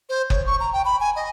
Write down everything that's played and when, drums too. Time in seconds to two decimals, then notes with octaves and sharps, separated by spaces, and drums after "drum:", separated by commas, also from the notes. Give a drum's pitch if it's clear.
0.09 C5
0.30 C#5, drum: kick F#1
0.46 C#6
0.60 A#5
0.73 G5
0.85 B5
1.00 G#5
1.16 D#5